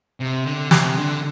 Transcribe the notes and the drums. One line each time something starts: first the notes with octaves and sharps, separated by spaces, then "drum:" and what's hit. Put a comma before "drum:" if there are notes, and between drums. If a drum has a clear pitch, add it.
C3
D3
C3, drum: snare
D3